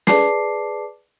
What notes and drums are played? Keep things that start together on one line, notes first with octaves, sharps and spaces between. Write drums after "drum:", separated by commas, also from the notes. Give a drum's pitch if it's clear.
G#4 B4 D5 A5 D6 C7, drum: snare